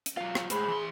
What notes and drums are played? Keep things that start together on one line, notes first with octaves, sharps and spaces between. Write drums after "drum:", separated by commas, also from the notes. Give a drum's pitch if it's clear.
drum: hi-hat
F#3 F4 F5
drum: rim click
A2 G#3 G#4 C5 B5, drum: hi-hat
E3 C6